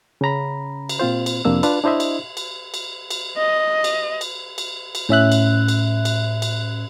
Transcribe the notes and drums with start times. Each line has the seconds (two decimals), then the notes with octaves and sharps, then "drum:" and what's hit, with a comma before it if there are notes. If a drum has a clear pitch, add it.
0.21 C#3 C#4 A#5 B5
0.89 drum: cymbal
0.99 A#2 C4 F4 C5
1.26 drum: cymbal
1.45 F2 C3 A#3 D4 E6
1.63 D4 F4 B4, drum: cymbal
1.84 D4 E4 C5 D#5 E5
2.00 drum: cymbal
2.37 drum: cymbal
2.74 drum: cymbal
3.10 drum: cymbal
3.38 D#5
3.84 drum: cymbal
4.21 drum: cymbal
4.58 drum: cymbal
4.95 drum: cymbal
5.09 A2 C#4 E5 F#6
5.32 drum: cymbal
5.68 drum: cymbal
6.05 drum: cymbal
6.42 drum: cymbal